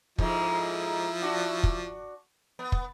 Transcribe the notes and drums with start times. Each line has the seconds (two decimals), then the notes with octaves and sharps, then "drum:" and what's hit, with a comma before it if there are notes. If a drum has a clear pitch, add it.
0.18 F2 G#2 F3 G#3 E4, drum: kick
1.22 D4 F#4
1.63 drum: kick
2.59 B3
2.72 drum: kick